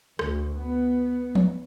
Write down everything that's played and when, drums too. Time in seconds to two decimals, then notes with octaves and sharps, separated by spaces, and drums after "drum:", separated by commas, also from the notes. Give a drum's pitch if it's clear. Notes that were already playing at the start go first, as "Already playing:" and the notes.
0.19 D2, drum: rim click
0.56 B3
1.35 drum: tom F3